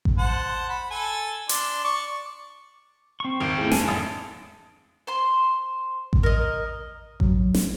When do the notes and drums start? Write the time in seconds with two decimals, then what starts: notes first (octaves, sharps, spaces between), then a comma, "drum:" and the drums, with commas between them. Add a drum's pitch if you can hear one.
0.05 drum: kick A1
0.18 C5 F#5 A5
0.69 B5
0.90 A4 G#5
1.49 D4 C6, drum: hi-hat
1.84 D5 C#6
3.20 C4 C#6
3.40 G#1 E2 F4 G5 G6
3.58 A3 E4 G#4
3.72 F2 D3 D4 G#5, drum: snare
3.88 A1 E5
5.07 C5 C6
6.13 drum: kick A1
6.23 A#4 D#5
7.20 F#3, drum: kick A1
7.54 drum: snare